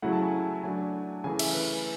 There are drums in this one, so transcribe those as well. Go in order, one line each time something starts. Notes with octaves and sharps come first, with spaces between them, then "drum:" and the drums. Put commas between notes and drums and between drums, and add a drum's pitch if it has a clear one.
C#3 F#3 A3 E4 F#5
A5
G#5
F#3 A3 D4 G#5
C#3 E3 A3 G#5
E5, drum: cymbal
B4